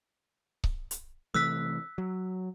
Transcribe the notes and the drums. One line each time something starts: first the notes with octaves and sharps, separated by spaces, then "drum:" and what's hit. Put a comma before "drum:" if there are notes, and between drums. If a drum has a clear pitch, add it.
drum: kick C#1
drum: hi-hat
C3 E3 A3 E6 F#6 B6
F#3